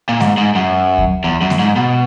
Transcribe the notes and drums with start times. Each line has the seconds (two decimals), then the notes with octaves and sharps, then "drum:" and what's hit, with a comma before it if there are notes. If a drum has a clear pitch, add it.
0.09 A#2
0.20 G#2, drum: snare A3
0.37 G#2
0.55 F#2
0.98 drum: kick D2
1.24 E2
1.41 F#2
1.50 drum: snare A3
1.59 G#2
1.76 B2